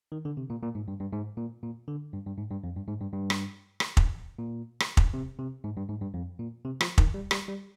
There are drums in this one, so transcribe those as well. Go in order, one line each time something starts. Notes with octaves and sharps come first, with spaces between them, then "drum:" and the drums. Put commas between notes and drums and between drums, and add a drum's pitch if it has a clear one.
D#3
D3
C3
A#2
A#2
G#2
G2
G2
G#2
A#2
A#2
D3
G2
G2
G#2
G2
F2
G2
G#2
G2
G2
drum: rim click
drum: rim click
drum: kick
A#2
drum: rim click
drum: kick
C3
C3
G#2
G2
G#2
G2
F2
A#2
C3
F3, drum: rim click
D#3, drum: kick
G3
G3, drum: rim click
G3